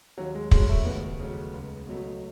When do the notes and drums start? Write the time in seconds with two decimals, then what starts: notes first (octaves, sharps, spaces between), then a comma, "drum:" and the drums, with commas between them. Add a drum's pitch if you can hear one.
0.18 D#2 F#3
0.35 G#3
0.51 C#3 F#3 G#3 A3 C#4, drum: kick
0.69 A3
0.85 D#2 B3
1.20 C#3 F#3 A3 C#4
1.54 C#2
1.87 B2 F#3 A3